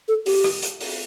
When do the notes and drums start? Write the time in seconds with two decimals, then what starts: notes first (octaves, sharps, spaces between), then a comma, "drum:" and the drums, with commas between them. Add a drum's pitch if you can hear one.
0.08 A4
0.26 G4, drum: open hi-hat
0.44 drum: rim click
0.62 drum: hi-hat
0.80 drum: open hi-hat